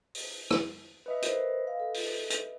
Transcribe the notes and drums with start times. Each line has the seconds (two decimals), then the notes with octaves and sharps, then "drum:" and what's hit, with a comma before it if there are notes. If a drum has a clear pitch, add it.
0.15 drum: open hi-hat
0.51 drum: rim click
1.06 B4 D#5 E5
1.22 A#4 C5, drum: hi-hat
1.67 F5
1.80 A4
1.94 drum: open hi-hat
2.30 drum: hi-hat